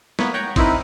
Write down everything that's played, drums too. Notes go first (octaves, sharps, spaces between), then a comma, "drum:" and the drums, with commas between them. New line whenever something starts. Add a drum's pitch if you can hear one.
A#3 B3 B4 C#5, drum: snare
C#5 F#5 G5 A#5 C#6 G6
C4 D#4 E4 A#4 B4, drum: kick G#1, cymbal